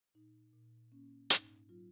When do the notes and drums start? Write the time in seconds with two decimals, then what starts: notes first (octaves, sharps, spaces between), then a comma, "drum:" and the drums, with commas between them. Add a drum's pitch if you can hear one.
0.14 A#2 D#4
0.53 A#2
0.92 A#3 C#4
1.30 G#2 D#4, drum: hi-hat
1.69 F#3 F4